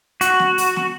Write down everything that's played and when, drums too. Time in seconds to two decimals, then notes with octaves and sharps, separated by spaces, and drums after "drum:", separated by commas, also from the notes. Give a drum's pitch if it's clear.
0.21 F#4, drum: hi-hat
0.39 drum: snare
0.58 drum: open hi-hat
0.76 drum: snare